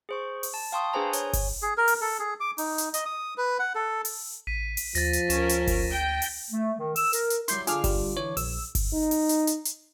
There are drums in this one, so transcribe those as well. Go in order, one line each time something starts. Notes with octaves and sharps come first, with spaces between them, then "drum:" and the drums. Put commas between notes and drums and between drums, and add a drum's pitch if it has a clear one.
G#4 C5 C#6
drum: open hi-hat
A5
F5 G5 A5 C6 C#6 D#6
D4 G#4 B4 C5 G#5 A#5
C#5 G#5, drum: hi-hat
drum: kick G1, open hi-hat
G#4
A#4
drum: open hi-hat
A4
G#4
D6
D#4, drum: open hi-hat
drum: hi-hat
D#5, drum: hi-hat
D#6
B4
F#5
A4
drum: open hi-hat
A1 B6 D#7
drum: open hi-hat
D#2 F3 A6 A#6, drum: hi-hat
drum: hi-hat
D2 C#4 A#4 E7, drum: hi-hat
drum: hi-hat
drum: kick G1, open hi-hat
G5
drum: open hi-hat
A3
D#3
E6, drum: open hi-hat
A#4, drum: hi-hat
drum: hi-hat
F#3 G3 E4 C6 G6 C7, drum: hi-hat
D3 D4 F4 G#4 F5 F6, drum: hi-hat
G3, drum: kick G1, open hi-hat
E3 C#5
A#1 E6, drum: open hi-hat
drum: kick G1, open hi-hat
D#4
drum: open hi-hat
drum: hi-hat
drum: hi-hat
drum: hi-hat